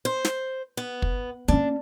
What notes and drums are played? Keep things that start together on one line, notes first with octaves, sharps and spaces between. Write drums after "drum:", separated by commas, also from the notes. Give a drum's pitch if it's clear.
C5
drum: snare
B3
drum: kick
A#3 C#4 D4